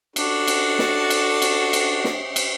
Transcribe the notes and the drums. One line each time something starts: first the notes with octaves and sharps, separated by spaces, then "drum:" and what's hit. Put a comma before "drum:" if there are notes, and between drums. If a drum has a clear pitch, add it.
D4 F#4 A4, drum: cymbal
drum: cymbal
drum: snare
drum: cymbal
drum: cymbal
drum: cymbal
drum: snare
drum: cymbal